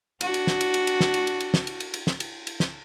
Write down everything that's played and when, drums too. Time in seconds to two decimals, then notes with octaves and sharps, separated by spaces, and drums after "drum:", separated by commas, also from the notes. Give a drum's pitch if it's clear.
0.21 D4 F#4, drum: cymbal
0.34 drum: cymbal
0.47 drum: snare
0.61 drum: cymbal
0.74 drum: cymbal
0.87 drum: cymbal
1.01 drum: snare
1.14 drum: cymbal
1.27 drum: cymbal
1.40 drum: cymbal
1.54 drum: snare
1.67 drum: cymbal
1.80 drum: cymbal
1.94 drum: cymbal
2.07 drum: snare
2.20 drum: cymbal
2.47 drum: cymbal
2.60 drum: snare